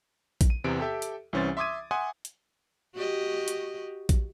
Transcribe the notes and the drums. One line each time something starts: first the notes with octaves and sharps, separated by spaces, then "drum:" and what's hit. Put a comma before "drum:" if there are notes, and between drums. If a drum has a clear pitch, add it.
drum: kick A#1, hi-hat
D#7
E2 C3 B3 D7
G4 A4 E5 G5
drum: hi-hat
C2 E3 C#4 C5 A6
E5 C6 D6 D#6 G#6 D#7
E5 F#5 G#5 C6 D#6
drum: hi-hat
F#4 G4 D#5
drum: hi-hat
drum: kick A#1, hi-hat